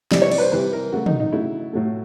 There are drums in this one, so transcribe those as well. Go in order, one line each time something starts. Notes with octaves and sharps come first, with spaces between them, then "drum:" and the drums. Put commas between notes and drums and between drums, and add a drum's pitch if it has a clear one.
C3 E3 G3 D5, drum: snare
C#5
D5, drum: cymbal
B4
C5
C3 E3 G3 B4
A#4
C#3 F#3 A3 F#4
D#4, drum: tom
D#4
C#3 F#3 A3 E4
A2 F#3 A3